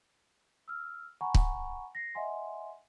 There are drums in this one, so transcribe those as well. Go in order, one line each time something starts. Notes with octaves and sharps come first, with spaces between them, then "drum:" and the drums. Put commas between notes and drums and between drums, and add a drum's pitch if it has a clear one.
E6 F6
F#5 G#5 A#5 B5 C#6
drum: kick C#1
A#6 C7
D#5 E5 F#5 G#5 C6